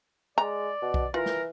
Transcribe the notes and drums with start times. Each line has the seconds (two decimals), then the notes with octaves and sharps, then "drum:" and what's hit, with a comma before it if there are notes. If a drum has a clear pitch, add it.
0.38 G#3 D5 A#5
0.82 B2
0.94 drum: kick B1
1.14 E3 F4 A#4
1.26 drum: snare